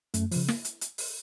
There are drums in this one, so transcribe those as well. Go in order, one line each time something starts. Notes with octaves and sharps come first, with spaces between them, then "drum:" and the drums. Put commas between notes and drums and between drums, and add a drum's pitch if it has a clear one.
F#2 A3, drum: hi-hat
C#3 F3, drum: open hi-hat
A#3, drum: snare
drum: hi-hat
drum: hi-hat
drum: open hi-hat